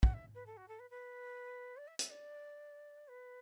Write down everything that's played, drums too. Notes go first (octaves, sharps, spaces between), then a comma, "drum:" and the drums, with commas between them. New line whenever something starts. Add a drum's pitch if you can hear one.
F#5, drum: kick
E5
B4
A4
F#4
A4
B4
B4
D5
E5
E5, drum: hi-hat
D5
B4